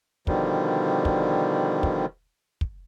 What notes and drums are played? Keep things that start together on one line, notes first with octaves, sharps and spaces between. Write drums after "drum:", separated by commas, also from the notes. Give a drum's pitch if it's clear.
B2 D3 D#3 F3 G3, drum: kick
drum: kick
drum: kick
drum: kick